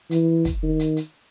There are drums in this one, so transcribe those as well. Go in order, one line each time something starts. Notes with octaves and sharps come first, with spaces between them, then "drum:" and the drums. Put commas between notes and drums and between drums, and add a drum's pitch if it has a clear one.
E3, drum: hi-hat
drum: kick, hi-hat
D#3
drum: hi-hat
drum: hi-hat